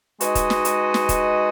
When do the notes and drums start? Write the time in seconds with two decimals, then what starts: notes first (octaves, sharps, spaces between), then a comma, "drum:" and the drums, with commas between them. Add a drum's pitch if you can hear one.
0.21 G#3 D#4 F#4 B4 D#5, drum: hi-hat
0.35 drum: kick, hi-hat
0.50 drum: snare
0.65 drum: hi-hat
0.94 drum: snare
1.09 drum: kick, hi-hat